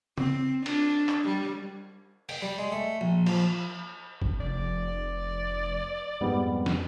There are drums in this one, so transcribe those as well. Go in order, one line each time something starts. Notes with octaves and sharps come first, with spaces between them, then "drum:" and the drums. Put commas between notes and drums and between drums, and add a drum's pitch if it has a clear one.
C4, drum: tom
D4, drum: cymbal
drum: clap
G3
G5, drum: open hi-hat
G3
G#3
A3
A#1
F3, drum: cymbal
drum: kick G1
F1 D5
F2 G#2 G3 B3
drum: snare